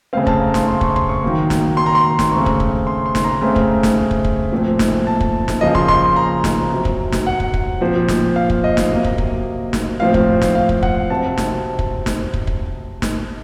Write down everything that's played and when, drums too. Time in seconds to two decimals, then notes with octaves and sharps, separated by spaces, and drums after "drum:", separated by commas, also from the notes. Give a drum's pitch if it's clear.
0.13 C#3 A3 C4 F5
0.27 A5, drum: kick
0.41 A#5
0.54 C6, drum: snare
0.68 C6
0.81 C#6, drum: kick
0.96 C6, drum: kick
1.09 C#6
1.23 D#3 F#3 A#3
1.50 drum: snare
1.77 C6
1.86 A#5
1.95 C6
2.19 drum: snare
2.32 C#3 A3 C4 C#6
2.46 drum: kick
2.60 drum: kick
2.87 C6
3.06 C6
3.15 drum: snare
3.24 A#5
3.42 C#3 A3 C4
3.56 drum: kick
3.83 drum: snare
4.11 drum: kick
4.24 drum: kick
4.52 A#2 F3 A3 C4
4.79 drum: snare
5.07 A5
5.20 drum: kick
5.48 drum: snare
5.61 C#3 F3 A#3 D#5
5.75 C6, drum: kick
5.88 C6, drum: kick
6.02 C6
6.16 A#5
6.44 drum: snare
6.72 C3 F#3 C4
6.85 drum: kick
7.12 drum: snare
7.27 F#5
7.40 drum: kick
7.54 drum: kick
7.81 A#2 F3 C4
8.08 drum: snare
8.36 F5
8.50 drum: kick
8.64 D#5
8.77 drum: snare
8.90 C3 F#3 A#3
9.04 drum: kick
9.18 drum: kick
9.73 drum: snare
10.00 A2 F3 C4 F5
10.14 drum: kick
10.42 drum: snare
10.55 F5
10.69 drum: kick
10.83 F#5, drum: kick
11.10 C3 F#3 C4 A5
11.38 drum: snare
11.79 drum: kick
12.06 drum: snare
12.34 drum: kick
12.47 drum: kick
13.02 drum: snare